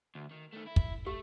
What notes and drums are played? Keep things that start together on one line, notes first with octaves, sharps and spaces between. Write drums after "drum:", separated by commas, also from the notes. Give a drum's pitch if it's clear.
D2
D#3
D#3 A3
E4
drum: kick
A3 G4